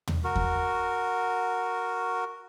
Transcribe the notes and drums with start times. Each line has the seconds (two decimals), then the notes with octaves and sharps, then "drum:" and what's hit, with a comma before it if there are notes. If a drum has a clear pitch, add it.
0.08 drum: tom
0.24 F#4 A#4
0.36 drum: kick E2